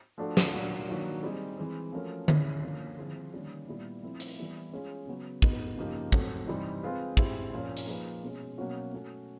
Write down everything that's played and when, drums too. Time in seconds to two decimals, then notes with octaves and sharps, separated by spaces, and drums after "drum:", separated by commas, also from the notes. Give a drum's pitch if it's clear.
0.18 F3 A3 D4 F#4 A4
0.37 drum: snare
0.52 A#2 F#3 A#3 D4 F#4
0.87 D#3 F#3 A#3 D4 F#4
1.23 G3 C4 D#4 G#4
1.58 E3 G#3 C4
1.92 F3 A3 C#4 F#4 A#4
2.28 G#3 C#4 E4, drum: tom D3
2.63 D3 F3 A#3 C#4
2.98 F3 G#3 C4 E4 G#4
3.32 D#3 G3 A#3 C#4
3.68 A#2 G3 B3 E4
4.03 F3 A3 C4 E4 A4
4.20 drum: hi-hat
4.38 E3 G3 B3 E4
4.73 G#3 C#4 F4 G#4
5.07 C#3 F#3 B3
5.42 G#3 B3 D#4, drum: kick
5.78 C#3 F3 A#3 D#4 G4
6.12 F#3 A3 C4, drum: kick
6.47 C3 E3 G3 C4 D#4
6.83 G#3 C4 F4 G#4 B4
7.17 G#3 C4 E4 G4, drum: kick
7.53 A#2 F3 A#3 C#4
7.77 drum: hi-hat
7.87 F3 A#3 D#4 G#4 B4
8.23 B2 G#3 C#4
8.58 B2 F#3 A#3 C#4 F#4
8.93 A3 C#4 F#4